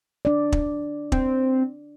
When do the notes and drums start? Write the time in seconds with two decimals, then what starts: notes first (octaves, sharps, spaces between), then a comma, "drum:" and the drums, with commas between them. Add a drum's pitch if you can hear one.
0.25 D4 D5
0.52 drum: kick
1.12 C4, drum: kick